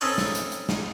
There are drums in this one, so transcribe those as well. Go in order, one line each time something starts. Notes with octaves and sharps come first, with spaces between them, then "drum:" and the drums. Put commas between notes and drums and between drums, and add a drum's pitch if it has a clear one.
C4 C#4 D#4 A4 B4 C#5, drum: open hi-hat
drum: snare
drum: hi-hat
drum: hi-hat
drum: snare